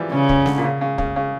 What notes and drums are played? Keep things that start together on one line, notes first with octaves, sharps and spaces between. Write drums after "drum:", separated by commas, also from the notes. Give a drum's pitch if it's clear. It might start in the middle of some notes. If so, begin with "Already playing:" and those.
Already playing: E3 F3 G3
C#3 C#4
C#4, drum: kick
D3, drum: snare
A#2
C#3
C#3
C#3, drum: kick
C#3